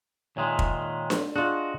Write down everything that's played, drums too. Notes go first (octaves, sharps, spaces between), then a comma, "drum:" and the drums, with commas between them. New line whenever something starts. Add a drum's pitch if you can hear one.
A#2 D#3 G#3 C#5 E5 C6
drum: kick
drum: snare D4
D4 F4 F#4 G#4 D#5